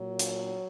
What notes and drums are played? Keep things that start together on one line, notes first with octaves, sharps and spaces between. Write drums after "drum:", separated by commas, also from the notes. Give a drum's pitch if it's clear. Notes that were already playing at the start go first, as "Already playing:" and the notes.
Already playing: A#2 F#3
drum: hi-hat